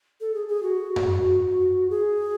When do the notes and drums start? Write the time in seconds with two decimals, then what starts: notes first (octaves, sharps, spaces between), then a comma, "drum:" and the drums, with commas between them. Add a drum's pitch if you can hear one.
0.21 A4
0.34 G#4
0.48 G#4
0.63 F#4
0.96 drum: tom F#2
1.90 G#4